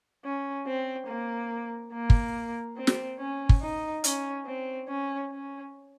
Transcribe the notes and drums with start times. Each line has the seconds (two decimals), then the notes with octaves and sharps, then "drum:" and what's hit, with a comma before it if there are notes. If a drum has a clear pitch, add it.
0.24 C#4
0.66 C4
1.08 A#3
1.93 A#3
2.10 drum: kick
2.77 C4
2.87 drum: snare
3.19 C#4
3.49 drum: kick
3.61 D#4
4.04 C#4, drum: hi-hat
4.46 C4
4.88 C#4
5.30 C#4